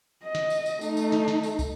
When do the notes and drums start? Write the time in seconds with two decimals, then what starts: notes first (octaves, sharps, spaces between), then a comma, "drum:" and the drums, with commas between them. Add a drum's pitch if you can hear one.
0.24 D#5
0.35 drum: snare
0.50 drum: tambourine
0.66 drum: tambourine
0.81 A3 D#4, drum: tambourine
0.97 drum: tambourine
1.12 drum: snare
1.28 drum: snare
1.43 drum: tambourine
1.59 drum: kick, tambourine